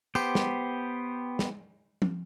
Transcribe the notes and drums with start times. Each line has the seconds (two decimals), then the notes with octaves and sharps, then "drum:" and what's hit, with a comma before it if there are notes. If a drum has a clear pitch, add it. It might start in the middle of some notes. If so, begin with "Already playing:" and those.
0.15 B3 G4 C5, drum: tambourine
0.35 drum: snare
1.39 drum: snare
2.02 drum: tom F3